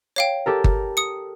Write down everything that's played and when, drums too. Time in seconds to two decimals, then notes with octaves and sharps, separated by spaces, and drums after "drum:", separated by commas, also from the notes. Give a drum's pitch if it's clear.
0.16 C#5 F5 G5
0.46 G4 A4 A#4
0.64 drum: kick G1
0.97 D#6 C#7